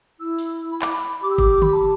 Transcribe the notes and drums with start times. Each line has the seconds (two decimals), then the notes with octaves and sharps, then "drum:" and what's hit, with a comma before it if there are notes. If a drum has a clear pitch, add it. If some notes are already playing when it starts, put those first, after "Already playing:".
0.20 E4 E6
0.39 drum: open hi-hat
0.71 B5
0.82 D6, drum: clap
0.92 B5
1.22 G4 D6
1.30 E6
1.38 D6, drum: kick G1
1.62 B5, drum: tom D3
1.73 A5